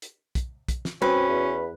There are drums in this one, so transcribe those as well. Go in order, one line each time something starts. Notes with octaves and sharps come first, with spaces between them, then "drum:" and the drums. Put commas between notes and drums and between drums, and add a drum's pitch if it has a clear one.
drum: hi-hat
drum: kick, hi-hat
drum: kick, hi-hat
drum: snare
C4 C#4 F#4 B4, drum: tom G3
E2